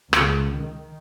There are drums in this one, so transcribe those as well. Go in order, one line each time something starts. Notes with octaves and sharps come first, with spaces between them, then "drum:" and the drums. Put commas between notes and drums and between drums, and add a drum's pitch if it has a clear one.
C#2, drum: rim click
D#3